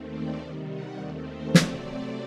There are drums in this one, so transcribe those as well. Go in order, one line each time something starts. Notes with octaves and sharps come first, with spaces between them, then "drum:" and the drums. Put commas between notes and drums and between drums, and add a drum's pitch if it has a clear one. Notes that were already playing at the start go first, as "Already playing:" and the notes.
Already playing: D#2 D#3 A3 C4
D5
C3 D#3 G3 C5
F#5
D#2 D#3 A3 C4 D5
C5
C3 F#3 A3 C4 D5, drum: snare